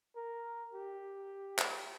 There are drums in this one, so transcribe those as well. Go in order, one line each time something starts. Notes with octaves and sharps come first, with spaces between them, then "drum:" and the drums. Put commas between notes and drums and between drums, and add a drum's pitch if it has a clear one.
A#4
G4
drum: clap